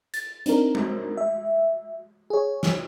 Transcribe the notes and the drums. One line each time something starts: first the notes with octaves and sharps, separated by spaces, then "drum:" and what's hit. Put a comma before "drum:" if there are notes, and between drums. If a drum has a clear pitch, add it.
A6, drum: hi-hat
C4 D4 D#4 A#4, drum: hi-hat
drum: tom G#3
E5
G#4 C#5
drum: snare